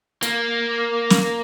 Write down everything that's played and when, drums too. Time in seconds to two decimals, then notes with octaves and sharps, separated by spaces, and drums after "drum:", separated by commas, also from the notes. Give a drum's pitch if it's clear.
0.23 A#3, drum: hi-hat
1.10 drum: snare